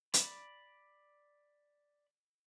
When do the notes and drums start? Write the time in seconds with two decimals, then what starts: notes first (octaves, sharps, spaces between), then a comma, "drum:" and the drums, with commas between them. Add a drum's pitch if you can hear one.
0.14 D5 B5, drum: hi-hat